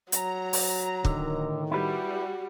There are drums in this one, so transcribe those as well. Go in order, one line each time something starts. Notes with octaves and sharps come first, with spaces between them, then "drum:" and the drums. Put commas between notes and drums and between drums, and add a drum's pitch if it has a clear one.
F#3 A#5, drum: hi-hat
drum: open hi-hat
A2 D3 D#3, drum: kick
G3 E4 F#4 B4